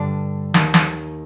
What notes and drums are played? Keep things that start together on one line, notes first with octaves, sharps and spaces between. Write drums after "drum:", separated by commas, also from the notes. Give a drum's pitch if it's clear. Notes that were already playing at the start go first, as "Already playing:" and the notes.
Already playing: G2 D3 D4
D#2 D#3, drum: snare
drum: snare